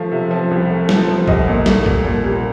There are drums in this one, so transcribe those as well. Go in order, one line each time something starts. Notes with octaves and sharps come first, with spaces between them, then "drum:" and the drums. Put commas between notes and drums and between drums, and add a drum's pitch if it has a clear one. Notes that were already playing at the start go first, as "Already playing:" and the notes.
Already playing: F3 A3 F5
C3
F3
C2
A3
F3, drum: snare
F3
C2 D#5, drum: kick
A#2
A3, drum: snare
C2, drum: kick
A#2
C2